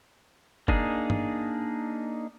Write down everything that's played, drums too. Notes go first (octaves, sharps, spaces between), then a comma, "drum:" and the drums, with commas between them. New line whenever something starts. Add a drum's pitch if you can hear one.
A#3 D4 D#4 G#4, drum: kick
drum: tom G2